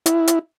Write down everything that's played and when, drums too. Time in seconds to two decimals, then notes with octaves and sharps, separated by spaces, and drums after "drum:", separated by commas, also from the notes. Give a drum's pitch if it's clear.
0.06 E4, drum: hi-hat
0.27 drum: hi-hat